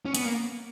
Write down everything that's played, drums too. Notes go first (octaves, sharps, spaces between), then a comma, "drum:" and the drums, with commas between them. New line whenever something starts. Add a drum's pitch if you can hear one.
C#4
B3, drum: hi-hat
A#3